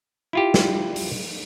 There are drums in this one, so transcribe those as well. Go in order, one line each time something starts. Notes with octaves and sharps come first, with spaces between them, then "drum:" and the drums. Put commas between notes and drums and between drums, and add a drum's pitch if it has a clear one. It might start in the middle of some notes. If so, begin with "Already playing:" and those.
E4 F4 G4
drum: snare
drum: open hi-hat